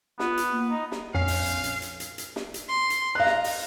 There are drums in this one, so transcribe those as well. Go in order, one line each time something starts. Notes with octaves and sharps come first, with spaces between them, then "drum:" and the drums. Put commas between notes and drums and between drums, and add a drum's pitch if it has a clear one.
B3 F4, drum: snare
drum: hi-hat
A#3
D#4
drum: snare
A#1 F2 C#4 F5 C7
drum: open hi-hat
drum: hi-hat
drum: hi-hat
drum: hi-hat
drum: hi-hat
drum: hi-hat
drum: snare
drum: hi-hat
C6
drum: hi-hat
D#5 F5 A#5 F#6
drum: snare
drum: open hi-hat